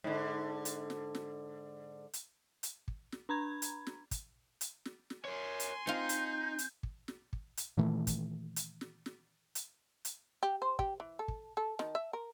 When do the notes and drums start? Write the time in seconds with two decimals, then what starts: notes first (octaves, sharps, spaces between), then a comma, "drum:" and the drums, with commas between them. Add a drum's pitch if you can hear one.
0.04 G#2 D3
0.65 drum: hi-hat
0.90 drum: snare
1.15 drum: snare
2.13 drum: hi-hat
2.63 drum: hi-hat
2.88 drum: kick
3.12 drum: snare
3.29 D4 A#5 B5 G#6
3.62 drum: hi-hat
3.87 drum: snare
4.11 drum: kick, hi-hat
4.61 drum: hi-hat
4.85 drum: snare
5.10 drum: snare
5.25 A#4 C#5 G#5 C6
5.60 drum: hi-hat
5.87 C4 D#4 F4 G6
6.09 drum: hi-hat
6.59 drum: hi-hat
6.83 drum: kick
7.08 drum: snare
7.33 drum: kick
7.57 drum: hi-hat
7.77 A#2 D#3 E3 A3
8.07 drum: kick, hi-hat
8.56 drum: hi-hat
8.81 drum: snare
9.06 drum: snare
9.55 drum: hi-hat
10.05 drum: hi-hat
10.43 G4
10.62 C5
10.79 G4, drum: kick
11.00 E3
11.19 A4
11.28 drum: kick
11.57 A4
11.79 D#3, drum: snare
11.95 E5
12.13 A#4